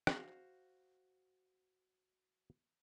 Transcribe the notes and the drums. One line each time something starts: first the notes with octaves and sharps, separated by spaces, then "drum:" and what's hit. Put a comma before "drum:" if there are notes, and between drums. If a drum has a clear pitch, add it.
F#4 C5 F5, drum: rim click